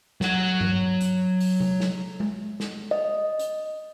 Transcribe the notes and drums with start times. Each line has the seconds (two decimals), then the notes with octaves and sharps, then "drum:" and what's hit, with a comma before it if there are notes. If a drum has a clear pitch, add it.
0.21 F#3 F#5, drum: snare
0.61 drum: tom G2
1.01 drum: hi-hat
1.40 drum: open hi-hat
1.60 drum: tom C3
1.80 drum: snare
2.20 drum: tom G#3
2.60 drum: snare
2.91 D#5
3.39 drum: hi-hat